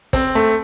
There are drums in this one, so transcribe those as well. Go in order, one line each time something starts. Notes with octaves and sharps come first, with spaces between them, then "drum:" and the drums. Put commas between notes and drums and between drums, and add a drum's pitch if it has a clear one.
C4, drum: kick, open hi-hat
A3